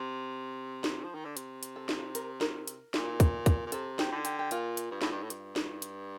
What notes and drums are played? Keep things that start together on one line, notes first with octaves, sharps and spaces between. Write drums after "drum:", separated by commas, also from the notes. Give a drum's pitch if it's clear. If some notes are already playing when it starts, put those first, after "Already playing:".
Already playing: C3
drum: snare
F3
D#3
D3
C3, drum: hi-hat
drum: hi-hat
A4
drum: snare
A#4, drum: hi-hat
A#4, drum: snare
drum: hi-hat
A#2, drum: snare
drum: kick, hi-hat
drum: kick, hi-hat
A#2
C3 A4, drum: hi-hat
G4, drum: snare
D3
G4, drum: hi-hat
G4
A#2 F4, drum: hi-hat
drum: hi-hat
G2
A2, drum: snare
G2
A2
G2, drum: hi-hat
drum: snare
drum: hi-hat